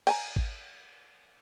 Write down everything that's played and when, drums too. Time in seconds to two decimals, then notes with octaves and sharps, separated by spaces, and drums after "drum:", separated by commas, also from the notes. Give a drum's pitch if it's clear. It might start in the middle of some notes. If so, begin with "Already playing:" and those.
0.07 G5 G#5 A#5, drum: cymbal
0.36 drum: kick G#1